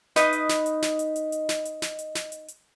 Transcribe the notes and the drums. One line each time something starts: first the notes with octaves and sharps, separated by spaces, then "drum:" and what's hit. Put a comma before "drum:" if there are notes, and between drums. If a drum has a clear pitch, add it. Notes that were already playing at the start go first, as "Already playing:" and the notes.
D#4 B4 D#5, drum: snare
drum: hi-hat
drum: snare
drum: hi-hat
drum: snare
drum: hi-hat
drum: hi-hat
drum: hi-hat
drum: snare
drum: hi-hat
drum: snare
drum: hi-hat
drum: snare
drum: hi-hat
drum: hi-hat